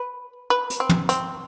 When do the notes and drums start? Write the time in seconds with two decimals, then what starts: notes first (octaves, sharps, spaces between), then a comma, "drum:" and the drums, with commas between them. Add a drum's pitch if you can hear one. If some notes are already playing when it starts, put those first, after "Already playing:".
Already playing: B4
0.50 B4
0.70 drum: hi-hat
0.80 C4
0.89 drum: tom
1.09 C4, drum: hi-hat